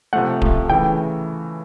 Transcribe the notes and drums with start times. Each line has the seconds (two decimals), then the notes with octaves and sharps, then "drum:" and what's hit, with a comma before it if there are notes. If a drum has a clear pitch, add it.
0.13 C3 F3 A3 F#5
0.42 C3 F3 A3, drum: kick D1
0.70 C#3 E3 A3 G5